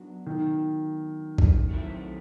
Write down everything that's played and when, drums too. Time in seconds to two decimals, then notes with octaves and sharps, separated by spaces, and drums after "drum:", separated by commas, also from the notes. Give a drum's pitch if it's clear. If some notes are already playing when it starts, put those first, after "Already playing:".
Already playing: F#3 B3 D4 F#4
0.26 D#3
1.38 drum: kick A1
1.69 F#3 A3 C4 E4